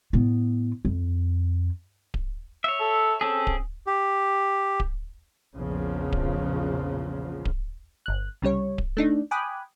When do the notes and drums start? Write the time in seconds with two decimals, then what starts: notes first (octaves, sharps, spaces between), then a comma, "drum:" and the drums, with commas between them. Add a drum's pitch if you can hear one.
0.13 A2 B3
0.85 F2
2.14 drum: kick D1
2.64 C#5 E5
2.80 A4
3.21 C4 C#4 G#4 A4
3.47 drum: kick D1
3.87 G4
4.80 drum: kick D1
5.56 A#1 E2 C#3 F3
6.12 drum: kick D1
7.45 drum: kick D1
8.06 G1 F#6
8.42 C2 C#3 G3 C#5
8.78 drum: kick D1
8.97 A3 D4 D#4
9.31 G5 G#5 B5 D6 D#6 F#6